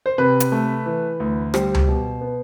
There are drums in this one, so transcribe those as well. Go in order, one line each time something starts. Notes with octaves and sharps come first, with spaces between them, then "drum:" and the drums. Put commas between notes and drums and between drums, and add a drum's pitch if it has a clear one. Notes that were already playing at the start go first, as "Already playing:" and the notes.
C5
C3 B4
drum: hi-hat
A3
E3
D2
G3 C5, drum: rim click
drum: tom C#2
B2
B3